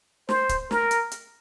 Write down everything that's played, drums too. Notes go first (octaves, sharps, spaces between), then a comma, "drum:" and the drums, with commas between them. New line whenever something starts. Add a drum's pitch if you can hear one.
C5, drum: snare
drum: kick, hi-hat
A#4, drum: snare
drum: hi-hat
drum: hi-hat